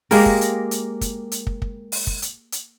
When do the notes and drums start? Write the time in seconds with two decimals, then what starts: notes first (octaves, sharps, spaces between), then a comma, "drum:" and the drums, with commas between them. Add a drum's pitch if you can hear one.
0.11 G#3 A#3 G4 A#4, drum: open hi-hat
0.26 drum: kick
0.41 drum: hi-hat
0.71 drum: hi-hat
1.01 drum: kick, hi-hat
1.32 drum: hi-hat
1.47 drum: kick
1.62 drum: kick
1.92 drum: open hi-hat
2.07 drum: kick
2.22 drum: hi-hat
2.52 drum: hi-hat